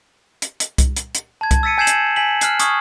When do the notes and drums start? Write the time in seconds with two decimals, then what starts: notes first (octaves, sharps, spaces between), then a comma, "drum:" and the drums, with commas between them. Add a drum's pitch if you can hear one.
0.42 drum: hi-hat
0.60 drum: hi-hat
0.78 drum: kick C2, hi-hat
0.96 drum: hi-hat
1.15 drum: hi-hat
1.41 A5 G#6
1.51 drum: kick C2, hi-hat
1.63 E6 A6 B6 C#7 D#7
1.78 G#5 G6 G#6 C7 E7 F#7
1.87 drum: hi-hat
2.16 G#5 B6 F#7
2.41 F6 F#6 C7, drum: hi-hat
2.60 C#6 D#6 F6 G#6, drum: hi-hat